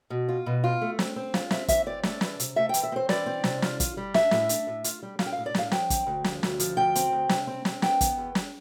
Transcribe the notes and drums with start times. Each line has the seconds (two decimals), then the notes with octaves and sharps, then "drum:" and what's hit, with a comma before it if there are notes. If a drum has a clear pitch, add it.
0.10 B2
0.29 F4
0.46 B2
0.64 F4
0.81 A3
0.99 C4, drum: snare
1.16 C4
1.34 F4, drum: snare
1.50 C4 E5, drum: snare
1.68 E3 E5, drum: kick G1, hi-hat
1.86 C4 D5
2.03 A3 D5, drum: snare
2.21 E3, drum: snare
2.40 C3, drum: hi-hat
2.56 A3 E5
2.69 G5
2.74 E3, drum: hi-hat
2.83 E5
2.92 C4 C5
3.09 E3 D5, drum: snare
3.26 C4
3.44 C3, drum: snare
3.62 F4, drum: snare
3.80 F4, drum: kick G1, hi-hat
3.97 G3
4.14 D4 E5, drum: snare
4.31 A2, drum: snare
4.49 D4, drum: hi-hat
4.67 A2
4.84 F4, drum: hi-hat
5.03 G3
5.19 F4 F5, drum: snare
5.26 G5
5.33 F5
5.37 A2
5.46 D5
5.54 A2 F5, drum: snare
5.71 F3 G5, drum: snare
5.90 C4, drum: kick G1, hi-hat
6.07 D2
6.24 F3, drum: snare
6.43 D2, drum: snare
6.60 F3, drum: hi-hat
6.77 D2 G5
6.95 C4, drum: hi-hat
7.12 D2
7.29 C3, drum: snare
7.47 C4
7.65 C4, drum: snare
7.82 B3 G5, drum: snare
8.01 B3, drum: kick G1, hi-hat
8.18 E2
8.35 drum: snare